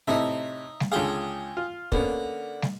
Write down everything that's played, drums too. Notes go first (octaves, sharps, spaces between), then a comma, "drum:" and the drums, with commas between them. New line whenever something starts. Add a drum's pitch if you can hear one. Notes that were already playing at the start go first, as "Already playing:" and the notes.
A2 C3 D#4 E5
drum: snare
C#2 D3 G#4 F5 G5
F4
D3 A#3 B3 C#4, drum: kick
drum: snare